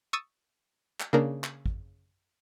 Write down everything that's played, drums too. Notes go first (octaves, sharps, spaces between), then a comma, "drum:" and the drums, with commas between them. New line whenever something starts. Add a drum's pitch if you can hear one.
C#6 D#6 E6 A6 D#7
drum: clap
C#3 A#3 D4 A#4
drum: clap
drum: kick